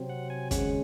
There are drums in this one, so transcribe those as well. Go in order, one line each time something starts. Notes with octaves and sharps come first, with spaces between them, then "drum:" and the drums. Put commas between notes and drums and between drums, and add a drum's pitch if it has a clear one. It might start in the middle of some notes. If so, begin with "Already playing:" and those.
Already playing: C3 F#3 C4
F#5
G#5
D#2 C#3 G#3 C#4 F#5, drum: kick, hi-hat